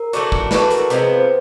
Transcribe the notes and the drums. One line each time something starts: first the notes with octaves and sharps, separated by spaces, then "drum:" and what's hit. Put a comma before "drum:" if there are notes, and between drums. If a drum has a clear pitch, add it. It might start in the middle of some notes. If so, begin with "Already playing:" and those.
Already playing: A#4
E3 A3 D4 F#4, drum: hi-hat
drum: kick
E3 A3 D4 F#4 B4, drum: snare
A#4, drum: hi-hat
C3 F3 G#3 B3 B4, drum: hi-hat
B4
C5